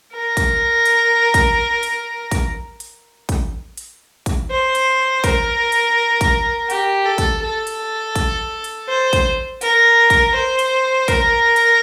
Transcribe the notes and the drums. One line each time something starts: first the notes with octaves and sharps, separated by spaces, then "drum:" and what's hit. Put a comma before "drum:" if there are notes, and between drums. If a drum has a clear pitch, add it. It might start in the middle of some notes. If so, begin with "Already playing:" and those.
A#4
drum: kick, hi-hat
drum: hi-hat
drum: kick, hi-hat
drum: hi-hat
drum: kick, hi-hat
drum: hi-hat
drum: kick, hi-hat
drum: hi-hat
drum: kick, hi-hat
C5
drum: hi-hat
A#4, drum: kick, hi-hat
drum: hi-hat
drum: kick, hi-hat
G4, drum: hi-hat
A4
drum: kick, hi-hat
A4
drum: hi-hat
drum: kick, hi-hat
drum: hi-hat
C5
drum: kick, hi-hat
A#4, drum: hi-hat
drum: kick, hi-hat
C5
drum: hi-hat
A#4, drum: kick, hi-hat
drum: hi-hat